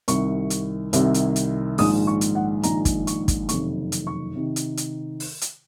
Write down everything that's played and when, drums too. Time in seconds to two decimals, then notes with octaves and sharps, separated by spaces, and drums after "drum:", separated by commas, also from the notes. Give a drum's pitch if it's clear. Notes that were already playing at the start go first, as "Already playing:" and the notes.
0.08 C2 C3 D#3 C#6, drum: hi-hat
0.50 drum: hi-hat
0.93 C2 C3 D#3, drum: hi-hat
1.14 drum: hi-hat
1.36 drum: hi-hat
1.78 A#1 G#2 D#3 D#6, drum: open hi-hat
2.07 C#6
2.21 drum: hi-hat
2.35 F#5
2.63 A#1 G#2 D#3 A#5, drum: hi-hat
2.85 drum: kick, hi-hat
3.07 C#6, drum: hi-hat
3.28 drum: kick, hi-hat
3.49 F#1 F2 C3 D#3 C#6, drum: hi-hat
3.92 drum: hi-hat
4.07 C#6
4.36 C3 D#3
4.56 drum: hi-hat
4.77 drum: hi-hat
5.20 drum: open hi-hat
5.41 drum: hi-hat